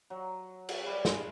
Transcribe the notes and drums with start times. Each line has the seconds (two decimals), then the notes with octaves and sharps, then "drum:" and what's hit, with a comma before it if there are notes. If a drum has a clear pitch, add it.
0.10 F#3
0.69 drum: cymbal
0.86 G3
1.05 G#3, drum: snare